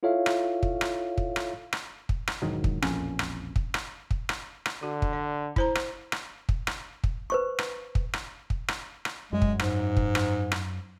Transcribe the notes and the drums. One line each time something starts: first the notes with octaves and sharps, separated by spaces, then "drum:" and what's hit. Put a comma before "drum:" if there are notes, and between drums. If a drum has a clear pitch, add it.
E4 F4 A4 C#5 E5 F5
drum: rim click
drum: kick
drum: rim click
drum: kick
drum: rim click
drum: rim click
drum: kick
drum: rim click
E1 G#2 D#3 F#3
drum: kick
E1 A#1 F2 C#4, drum: rim click
drum: rim click
drum: kick
drum: rim click
drum: kick
drum: rim click
drum: rim click
D3 F#4
drum: kick
D5
E4 C5 A#5, drum: kick
drum: rim click
drum: rim click
drum: kick
drum: rim click
drum: kick
B4 C5 C#6
drum: rim click
drum: kick
drum: rim click
drum: kick
drum: rim click
drum: rim click
F#2 G#3
drum: kick
G#2, drum: rim click
drum: kick
drum: rim click
drum: rim click